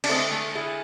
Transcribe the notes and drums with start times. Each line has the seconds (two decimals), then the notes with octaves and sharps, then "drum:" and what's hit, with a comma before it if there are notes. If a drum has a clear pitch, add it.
0.04 D4, drum: cymbal
0.09 D3 G#3 A3 C4
0.32 A3
0.55 E4 G#4